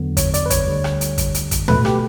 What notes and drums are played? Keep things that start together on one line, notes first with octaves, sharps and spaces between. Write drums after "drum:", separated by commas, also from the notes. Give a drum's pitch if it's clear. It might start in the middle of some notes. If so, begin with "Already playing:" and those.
Already playing: E2 D3 F#3 B3
C#5, drum: kick, hi-hat
D5, drum: hi-hat
B4
C#5, drum: kick, hi-hat
D2 D3 G3
drum: rim click
drum: hi-hat
drum: kick, hi-hat
drum: hi-hat
drum: kick, hi-hat
B2 A3 B4, drum: tom
G4, drum: rim click